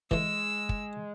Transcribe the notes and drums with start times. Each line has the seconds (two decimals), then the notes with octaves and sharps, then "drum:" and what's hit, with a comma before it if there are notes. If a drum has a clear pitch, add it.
0.11 E3 G#3 A3 E6, drum: kick
0.69 drum: kick